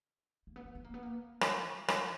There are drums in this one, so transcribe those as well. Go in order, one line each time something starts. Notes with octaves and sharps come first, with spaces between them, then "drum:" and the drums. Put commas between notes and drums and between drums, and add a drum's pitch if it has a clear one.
A#3
B3
A#3
B3
A#3
B3
A#3
drum: rim click
drum: rim click